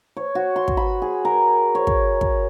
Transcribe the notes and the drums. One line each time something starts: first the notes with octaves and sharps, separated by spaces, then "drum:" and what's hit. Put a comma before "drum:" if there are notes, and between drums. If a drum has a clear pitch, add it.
C#5
F#4
C6
drum: kick
B5
G#4
A#4
C#5
drum: kick
drum: kick